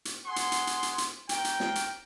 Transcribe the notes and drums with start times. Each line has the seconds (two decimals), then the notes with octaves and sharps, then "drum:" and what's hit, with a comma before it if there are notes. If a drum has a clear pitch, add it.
0.05 drum: hi-hat
0.25 G#4 F#5 C6
0.36 drum: hi-hat
0.52 drum: hi-hat
0.67 drum: hi-hat
0.83 drum: hi-hat
0.98 drum: hi-hat
1.29 A#4 G5, drum: hi-hat
1.45 drum: hi-hat
1.60 drum: snare
1.75 drum: hi-hat